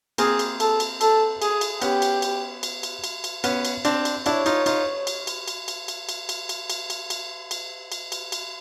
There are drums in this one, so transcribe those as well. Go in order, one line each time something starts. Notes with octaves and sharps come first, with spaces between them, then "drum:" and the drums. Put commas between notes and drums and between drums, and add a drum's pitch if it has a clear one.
A#3 C4 G#4, drum: cymbal
drum: cymbal
A4, drum: cymbal
drum: cymbal
A4, drum: cymbal
G#4, drum: cymbal
drum: cymbal
B3 C#4 G4, drum: cymbal
drum: cymbal
drum: cymbal
drum: cymbal
drum: cymbal
drum: cymbal
drum: cymbal
B3 C#4, drum: cymbal
drum: cymbal
C4 D4, drum: cymbal
drum: cymbal
D4 E4 C#5, drum: cymbal
D#4 F4, drum: cymbal
D#4 F4, drum: cymbal
drum: cymbal
drum: cymbal
drum: cymbal
drum: cymbal
drum: cymbal
drum: cymbal
drum: cymbal
drum: cymbal
drum: cymbal
drum: cymbal
drum: cymbal
drum: cymbal
drum: cymbal
drum: cymbal
drum: cymbal